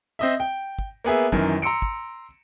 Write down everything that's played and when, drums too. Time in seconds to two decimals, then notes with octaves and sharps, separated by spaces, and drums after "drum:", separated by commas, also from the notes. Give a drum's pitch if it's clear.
0.19 C4 D#5 E5
0.40 G5
0.79 drum: kick
1.04 A#3 B3 G#4 E5
1.32 F#2 D#3 E3, drum: kick
1.62 A#5 C6 E6 C#7 D7
1.82 drum: kick